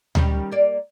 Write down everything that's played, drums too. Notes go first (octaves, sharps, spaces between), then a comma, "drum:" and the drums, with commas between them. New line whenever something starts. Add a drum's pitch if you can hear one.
D#3 G3 C#4, drum: tom D2
A#3 D5